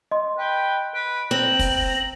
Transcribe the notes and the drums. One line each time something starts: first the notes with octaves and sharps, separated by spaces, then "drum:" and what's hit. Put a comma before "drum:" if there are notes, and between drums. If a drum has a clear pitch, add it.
D#5 C6
B4 G5
B4 D7
C4 A#5 F#7
drum: kick, open hi-hat